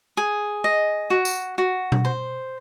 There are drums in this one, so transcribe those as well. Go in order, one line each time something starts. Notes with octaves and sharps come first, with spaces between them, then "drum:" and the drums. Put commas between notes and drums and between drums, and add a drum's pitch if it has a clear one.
G#4
D#5
F#4
drum: tambourine
F#4
drum: tom B2
C5